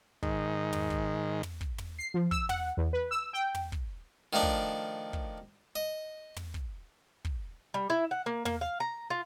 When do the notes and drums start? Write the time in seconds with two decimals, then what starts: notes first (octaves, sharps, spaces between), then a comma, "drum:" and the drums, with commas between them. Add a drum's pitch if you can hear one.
0.23 G#2 D#3, drum: kick
0.73 drum: tom
0.90 drum: kick
1.43 drum: tom
1.61 drum: kick
1.78 drum: tom
1.99 C7
2.14 F3
2.31 E6, drum: kick
2.49 F#5, drum: tom
2.77 E2
2.93 B4
3.11 E6
3.33 G5
3.55 drum: tom
3.72 drum: kick
4.33 D#3 F3 A3 D4
4.43 drum: kick
5.13 drum: kick
5.76 D#5
6.36 drum: tom
6.54 drum: kick
7.25 drum: kick
7.74 G3
7.90 E4
8.11 F#5
8.26 A#3
8.45 A#3, drum: tom
8.61 F5
8.80 A#5
9.10 F4